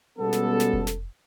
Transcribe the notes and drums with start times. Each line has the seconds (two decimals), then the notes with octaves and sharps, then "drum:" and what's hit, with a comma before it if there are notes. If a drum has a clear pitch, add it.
0.19 B2 G3 G#3 B3 C#4 A4
0.33 drum: snare
0.60 drum: snare
0.73 drum: kick F1
0.87 drum: snare